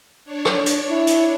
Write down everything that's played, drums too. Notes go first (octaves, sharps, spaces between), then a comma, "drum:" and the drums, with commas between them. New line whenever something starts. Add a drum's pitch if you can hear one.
D4 C#5
drum: rim click
drum: hi-hat
E4
drum: hi-hat